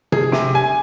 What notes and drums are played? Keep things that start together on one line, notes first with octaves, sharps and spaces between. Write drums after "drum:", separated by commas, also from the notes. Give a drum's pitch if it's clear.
G#4, drum: tom C3
C3, drum: snare
G#5